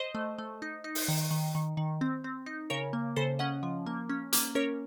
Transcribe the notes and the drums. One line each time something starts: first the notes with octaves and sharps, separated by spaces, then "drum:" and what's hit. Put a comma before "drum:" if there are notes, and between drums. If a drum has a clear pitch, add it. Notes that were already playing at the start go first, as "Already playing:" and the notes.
Already playing: C5 D#5
A3
A3
D#4
D#4
drum: open hi-hat
D#3
D#3
D#3
D#3
C4
C4
D#4
C#3 A#4 C#5
A#3
C#3 A4 C5
C#4 D#5 F#5
F3
A#3
C#4
A#3, drum: hi-hat
C#4 A#4 C#5